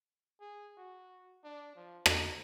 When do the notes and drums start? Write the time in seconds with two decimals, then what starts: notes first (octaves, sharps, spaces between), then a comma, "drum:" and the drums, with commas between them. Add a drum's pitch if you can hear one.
0.41 G#4
0.77 F#4
1.44 D4
1.76 F3
2.06 D#4, drum: rim click